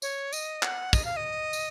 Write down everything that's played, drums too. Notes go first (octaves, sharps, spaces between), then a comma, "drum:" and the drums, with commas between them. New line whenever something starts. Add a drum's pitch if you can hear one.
C#5, drum: tambourine
D#5, drum: tambourine
F#5, drum: clap
D#5, drum: kick, tambourine
F5
D#5
drum: tambourine